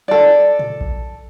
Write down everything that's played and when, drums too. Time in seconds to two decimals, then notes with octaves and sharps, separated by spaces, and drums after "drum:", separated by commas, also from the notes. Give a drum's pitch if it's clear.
0.08 A4 D5
0.59 drum: tom
0.81 drum: kick A#1